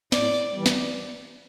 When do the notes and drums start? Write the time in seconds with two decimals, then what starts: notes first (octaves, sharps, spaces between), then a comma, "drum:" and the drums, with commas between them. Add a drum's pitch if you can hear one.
0.12 A2 D5, drum: snare
0.52 E3 G3
0.66 drum: snare